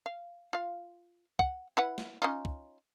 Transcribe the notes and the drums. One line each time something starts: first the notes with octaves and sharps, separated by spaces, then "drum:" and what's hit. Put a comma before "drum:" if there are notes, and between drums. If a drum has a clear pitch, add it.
F5
F4 F5
F#5, drum: kick
E4 B4 F#5
drum: snare
C#4 D#4 F4
drum: kick